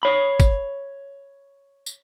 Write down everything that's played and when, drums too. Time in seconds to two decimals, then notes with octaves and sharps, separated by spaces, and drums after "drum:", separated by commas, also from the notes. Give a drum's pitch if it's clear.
0.03 C#5 B5
0.40 drum: kick, tambourine
1.86 drum: tambourine